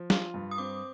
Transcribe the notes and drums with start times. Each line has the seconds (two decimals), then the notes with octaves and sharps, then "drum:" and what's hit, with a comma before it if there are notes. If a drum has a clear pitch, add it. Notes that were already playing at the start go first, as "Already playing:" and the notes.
Already playing: F3
0.10 F4, drum: snare
0.34 G2
0.51 D#6
0.58 C4 D6